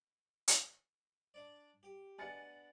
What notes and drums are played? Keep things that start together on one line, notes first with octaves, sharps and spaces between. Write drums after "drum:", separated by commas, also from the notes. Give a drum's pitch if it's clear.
drum: hi-hat
D4 D5
G4
B3 D4 G#5 A6 C#7